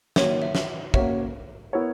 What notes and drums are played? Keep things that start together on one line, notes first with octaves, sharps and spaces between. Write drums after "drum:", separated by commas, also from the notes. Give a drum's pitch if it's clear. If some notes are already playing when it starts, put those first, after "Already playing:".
D#3 F#3 A#3 C#5, drum: snare
E5
E5, drum: snare
A#3 C#4 F#4 C#5 E5, drum: kick
B3 E4 A#4 C#5